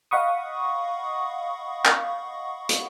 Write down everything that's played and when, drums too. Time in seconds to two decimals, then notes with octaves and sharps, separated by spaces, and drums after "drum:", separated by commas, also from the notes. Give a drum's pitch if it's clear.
0.11 D#5 F5 F#5 B5 C#6 D#6
1.85 drum: clap
2.69 drum: hi-hat